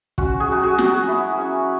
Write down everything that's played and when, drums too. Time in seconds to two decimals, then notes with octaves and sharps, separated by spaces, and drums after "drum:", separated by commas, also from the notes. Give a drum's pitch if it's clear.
0.18 C#4 F#4, drum: kick
0.40 G#4
0.48 F#3 F#4
0.63 G#4
0.78 F#3, drum: snare
0.86 G#4
1.08 E4
1.38 C#4